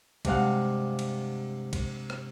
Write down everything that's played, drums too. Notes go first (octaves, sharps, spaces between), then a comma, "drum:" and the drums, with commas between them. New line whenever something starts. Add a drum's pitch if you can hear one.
G2 C3 G#3 F5 F#5, drum: kick, cymbal
drum: cymbal
drum: kick, cymbal
drum: rim click